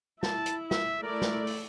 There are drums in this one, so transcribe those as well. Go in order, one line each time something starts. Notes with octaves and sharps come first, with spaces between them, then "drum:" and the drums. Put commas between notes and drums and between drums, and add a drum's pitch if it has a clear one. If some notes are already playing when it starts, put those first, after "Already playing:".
E4 A5, drum: snare
drum: hi-hat
E5, drum: snare
A3 E4 A#4 D5
drum: snare
drum: open hi-hat